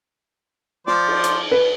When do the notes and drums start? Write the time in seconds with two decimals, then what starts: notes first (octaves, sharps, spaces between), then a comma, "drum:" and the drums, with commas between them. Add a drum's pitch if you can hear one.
0.87 F3 C5 D5, drum: snare
1.07 drum: cymbal
1.24 drum: hi-hat
1.51 B4